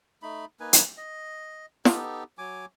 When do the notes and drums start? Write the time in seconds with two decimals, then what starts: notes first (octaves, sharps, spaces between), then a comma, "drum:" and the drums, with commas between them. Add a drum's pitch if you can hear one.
0.22 A3 D#4 B5
0.60 A#3 D#4 B4 G#5
0.73 drum: hi-hat
0.97 D#5
1.85 B3 D#4 G4 A4, drum: snare
2.38 F#3 G#5 D6